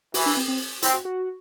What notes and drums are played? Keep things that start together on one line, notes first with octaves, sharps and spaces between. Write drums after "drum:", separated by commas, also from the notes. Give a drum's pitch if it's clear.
E3 F#4, drum: open hi-hat
D4
C4
C4
C4 E4, drum: hi-hat
F#4
F#4